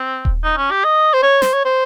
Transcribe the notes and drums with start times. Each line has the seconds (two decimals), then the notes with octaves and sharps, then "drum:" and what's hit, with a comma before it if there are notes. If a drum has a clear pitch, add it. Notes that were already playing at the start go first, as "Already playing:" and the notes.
Already playing: C4
0.25 drum: kick D#1
0.44 D#4
0.57 C#4
0.71 G4
0.84 D#5
1.13 C5
1.23 C#5
1.42 C5, drum: snare
1.53 C#5
1.65 C5